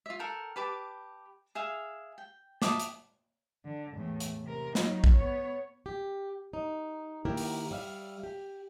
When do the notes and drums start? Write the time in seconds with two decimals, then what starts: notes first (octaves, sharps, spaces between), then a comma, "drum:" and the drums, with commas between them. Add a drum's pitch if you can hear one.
0.06 F4 E5
0.19 A4 A#4 F#5 G5
0.56 G4 B4 A5 D6
1.55 G#4 E5 F5
2.18 G5
2.62 E5 A5 D6 D#6, drum: snare
2.80 drum: hi-hat
3.65 D3
3.94 E2 A2
4.20 drum: hi-hat
4.43 C3 A#4
4.75 F#3 D#4, drum: snare
5.04 drum: kick A#1
5.14 B3 C#5
5.86 G4
6.53 D#4
7.25 D#3 A#3 E4 G4 A#4 G5
7.37 drum: open hi-hat
7.71 G3 E5 F5
8.23 G4